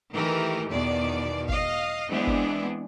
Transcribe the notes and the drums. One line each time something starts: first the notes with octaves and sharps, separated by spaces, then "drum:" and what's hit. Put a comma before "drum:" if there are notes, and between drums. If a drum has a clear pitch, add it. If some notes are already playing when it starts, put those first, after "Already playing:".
D#3 E3 A3 G4 A#4
E2 B2 D#3 D5
D#5 F5, drum: kick G1
E3 G#3 B3 C4 D4
drum: kick G1